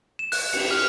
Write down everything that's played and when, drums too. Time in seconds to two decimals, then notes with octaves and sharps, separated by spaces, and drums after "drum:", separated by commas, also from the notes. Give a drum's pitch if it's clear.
0.19 E7
0.32 F#6, drum: open hi-hat
0.53 C#7, drum: cymbal
0.71 F6